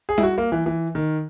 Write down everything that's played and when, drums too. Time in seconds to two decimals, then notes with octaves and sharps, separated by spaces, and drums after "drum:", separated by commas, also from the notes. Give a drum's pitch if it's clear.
0.09 G#4
0.18 E4, drum: tom G3
0.23 F#4
0.38 A#3
0.52 E3
0.66 E3
0.95 D#3